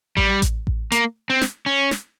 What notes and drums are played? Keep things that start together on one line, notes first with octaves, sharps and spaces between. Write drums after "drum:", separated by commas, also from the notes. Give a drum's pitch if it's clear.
G3, drum: kick A1
drum: kick A1, hi-hat
drum: kick A1
A#3, drum: hi-hat
C4
drum: snare
C#4
drum: snare